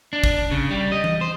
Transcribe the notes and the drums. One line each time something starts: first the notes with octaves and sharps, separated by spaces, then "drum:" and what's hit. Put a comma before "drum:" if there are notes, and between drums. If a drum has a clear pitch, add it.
D4
drum: kick
C#3
G3
D#5
drum: tom E3
C5